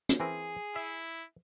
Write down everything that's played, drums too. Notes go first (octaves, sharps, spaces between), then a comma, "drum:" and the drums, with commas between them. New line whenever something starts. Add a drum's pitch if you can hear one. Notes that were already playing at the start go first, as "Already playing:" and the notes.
drum: hi-hat
E3 C4 G#4 A#4
E4 E5